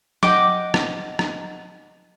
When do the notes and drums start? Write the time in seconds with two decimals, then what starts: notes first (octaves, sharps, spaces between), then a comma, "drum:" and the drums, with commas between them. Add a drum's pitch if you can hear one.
0.23 D#5 F#5 G5 D6, drum: snare
0.74 drum: rim click
1.19 drum: rim click